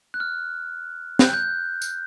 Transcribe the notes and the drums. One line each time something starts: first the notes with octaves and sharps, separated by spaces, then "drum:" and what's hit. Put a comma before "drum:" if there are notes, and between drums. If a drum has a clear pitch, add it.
F#6
F6
F#6, drum: snare
G6
G6
drum: tambourine